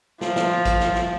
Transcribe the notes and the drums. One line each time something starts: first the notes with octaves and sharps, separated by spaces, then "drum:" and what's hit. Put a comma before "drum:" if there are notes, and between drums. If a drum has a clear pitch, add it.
F3, drum: snare
drum: snare
drum: kick, hi-hat
drum: snare
drum: snare